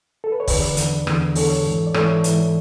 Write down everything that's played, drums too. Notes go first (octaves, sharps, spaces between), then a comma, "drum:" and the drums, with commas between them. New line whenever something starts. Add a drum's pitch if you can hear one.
A4
B4
C#5
E2 D3 B4 D5, drum: kick, open hi-hat
E2 D3, drum: hi-hat
E2 D3, drum: rim click
E2 D3 A4 C#5, drum: open hi-hat
G#2 E3
D5
G#2 E3 A4 C#5, drum: rim click
G#2 E3, drum: hi-hat